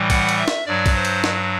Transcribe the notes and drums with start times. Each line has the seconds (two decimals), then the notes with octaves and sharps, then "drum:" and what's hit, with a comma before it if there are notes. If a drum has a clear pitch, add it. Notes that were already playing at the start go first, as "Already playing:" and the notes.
Already playing: A2 E3 G3
0.10 F#5, drum: kick, cymbal
0.29 drum: cymbal
0.38 E5
0.48 drum: snare
0.66 G2 F#3 D5
0.86 drum: kick, cymbal
0.95 C5
1.05 drum: cymbal
1.24 drum: snare